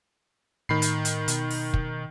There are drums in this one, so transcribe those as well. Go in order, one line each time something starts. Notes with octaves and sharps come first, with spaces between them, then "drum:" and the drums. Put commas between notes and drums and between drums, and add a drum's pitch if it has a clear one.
A2 D#3 B5 C7
drum: hi-hat
drum: hi-hat
B2, drum: hi-hat
drum: open hi-hat
drum: kick